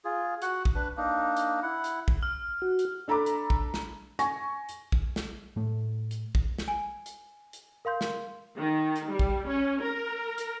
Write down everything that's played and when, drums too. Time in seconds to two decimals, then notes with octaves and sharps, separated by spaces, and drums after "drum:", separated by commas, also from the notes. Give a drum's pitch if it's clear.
0.05 F4 G#4
0.42 F#4 F#5, drum: hi-hat
0.65 drum: kick
0.75 D4 B4
0.97 A#3 D4 D#4
1.37 drum: hi-hat
1.62 E4 F#5
1.84 drum: hi-hat
2.08 drum: kick
2.23 F6
2.62 F#4
2.79 drum: hi-hat
3.08 D4 A4 A#5 B5 D6
3.26 drum: hi-hat
3.50 drum: kick
3.74 drum: snare
4.19 G#5 C#6 A#6, drum: hi-hat
4.69 drum: hi-hat
4.92 drum: kick
5.16 drum: snare
5.56 A2 A3
6.11 drum: hi-hat
6.35 drum: kick
6.58 drum: snare
6.68 G#5
7.06 drum: hi-hat
7.53 drum: hi-hat
7.85 A#4 F5 C6 G6
8.01 drum: snare
8.57 D#3
8.96 drum: hi-hat
9.10 G3
9.19 drum: kick
9.46 C#4
9.82 A#4
10.38 drum: hi-hat